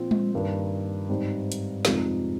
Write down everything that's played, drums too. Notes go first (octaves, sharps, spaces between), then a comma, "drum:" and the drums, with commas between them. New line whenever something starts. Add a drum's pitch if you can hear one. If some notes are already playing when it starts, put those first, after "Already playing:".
Already playing: A#2 F3 C4
drum: tom G3
G2 D#3 A#3
G#2 G3 C4 D#4
drum: hi-hat
F2 C3 F3 G#3 D#4, drum: snare